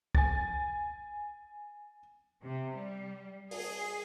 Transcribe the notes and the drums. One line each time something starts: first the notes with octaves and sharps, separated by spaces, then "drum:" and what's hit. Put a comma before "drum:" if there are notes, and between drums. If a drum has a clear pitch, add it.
G#5 A6, drum: kick
C3
G3
G#4, drum: open hi-hat